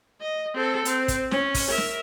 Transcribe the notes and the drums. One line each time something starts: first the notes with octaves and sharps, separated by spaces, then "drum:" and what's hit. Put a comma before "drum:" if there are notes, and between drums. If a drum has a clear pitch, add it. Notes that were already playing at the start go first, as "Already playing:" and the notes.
D#5
C4 A4
C4, drum: hi-hat
drum: kick, hi-hat
C#4, drum: snare
drum: kick, open hi-hat
A#4 E5
drum: snare